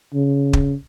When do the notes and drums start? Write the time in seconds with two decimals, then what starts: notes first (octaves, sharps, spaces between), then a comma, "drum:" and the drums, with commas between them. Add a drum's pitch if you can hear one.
0.14 C#3
0.53 drum: kick